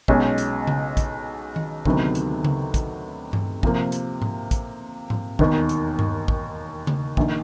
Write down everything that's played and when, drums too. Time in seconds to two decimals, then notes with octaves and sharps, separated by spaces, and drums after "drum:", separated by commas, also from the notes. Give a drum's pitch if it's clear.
0.08 B1 B2 G#3 C#4, drum: kick
0.38 drum: hi-hat
0.67 drum: tom C#3
0.97 drum: kick, hi-hat
1.56 drum: tom D#3
1.85 D2 C3 D#3 F#3 B3, drum: kick
2.15 drum: hi-hat
2.45 drum: tom C#3
2.74 drum: kick, hi-hat
3.33 drum: tom G2
3.63 C3 F3 A#3, drum: kick
3.92 drum: hi-hat
4.22 drum: tom G#2
4.51 drum: kick, hi-hat
5.10 drum: tom G#2
5.39 E1 D#2 D#3, drum: kick
5.69 drum: hi-hat
5.99 drum: tom G2
6.28 drum: kick
6.87 drum: tom C#3
7.17 A#1 D#3, drum: kick